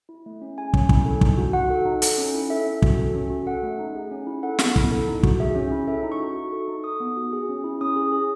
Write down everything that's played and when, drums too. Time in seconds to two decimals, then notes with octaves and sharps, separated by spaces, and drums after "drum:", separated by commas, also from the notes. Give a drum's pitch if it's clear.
0.09 E4
0.26 A3
0.42 C#4
0.57 G#4 G#5
0.74 C#4, drum: kick
0.89 E4, drum: kick
1.05 A4
1.21 D#4, drum: kick
1.37 F#4
1.53 F#4 F#5
1.70 A4
1.86 D#4
2.02 A4, drum: hi-hat
2.18 C#4
2.35 E4
2.50 A4 E5
2.66 C#4
2.82 F#4, drum: kick
2.99 A4
3.15 C#4
3.30 F#4
3.47 A4 F#5
3.63 A3
3.79 D#4
3.95 G#4
4.11 C#4
4.27 E4
4.43 A4 F#5
4.59 B3, drum: snare
4.76 E4, drum: kick
4.92 A4
5.08 D#4
5.23 F#4, drum: kick
5.40 G#4 E5
5.55 C#4
5.72 E4
5.88 A4 E5
6.03 D#4
6.12 C#6
6.20 F#4
6.36 F#4
6.52 A4
6.68 D#4
6.84 A4 D#6
7.00 B3
7.17 F#4
7.33 G#4
7.49 C#4
7.64 E4
7.81 C#4 D#6
7.96 G#4
8.12 G#4